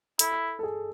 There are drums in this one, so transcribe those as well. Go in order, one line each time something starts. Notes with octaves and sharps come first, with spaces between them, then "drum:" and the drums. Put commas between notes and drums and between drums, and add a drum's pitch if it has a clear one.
E4 A4, drum: hi-hat
A4
G#4